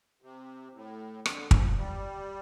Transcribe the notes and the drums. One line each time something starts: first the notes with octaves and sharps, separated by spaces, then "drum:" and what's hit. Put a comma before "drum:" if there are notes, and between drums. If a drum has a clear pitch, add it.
C3
A2
D3, drum: rim click
F3, drum: kick
G3